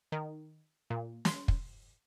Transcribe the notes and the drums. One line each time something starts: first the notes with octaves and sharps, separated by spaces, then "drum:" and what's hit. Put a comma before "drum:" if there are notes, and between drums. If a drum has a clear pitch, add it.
D#3
A#2
C6, drum: snare
drum: kick